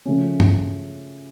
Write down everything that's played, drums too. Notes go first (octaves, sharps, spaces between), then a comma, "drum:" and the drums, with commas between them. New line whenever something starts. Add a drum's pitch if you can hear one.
C#3 F3 A3 C#4
drum: tom